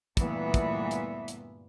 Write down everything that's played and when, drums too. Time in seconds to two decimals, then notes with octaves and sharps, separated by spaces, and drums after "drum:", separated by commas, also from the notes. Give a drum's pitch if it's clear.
0.17 D2 G2 A#2 E3 B3 E5, drum: kick, hi-hat
0.54 drum: kick, hi-hat
0.91 drum: hi-hat
1.28 drum: hi-hat